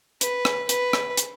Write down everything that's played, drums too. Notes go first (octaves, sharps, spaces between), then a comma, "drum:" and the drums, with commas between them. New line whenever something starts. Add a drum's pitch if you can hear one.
B4, drum: hi-hat
drum: rim click
B4, drum: hi-hat
drum: rim click
drum: hi-hat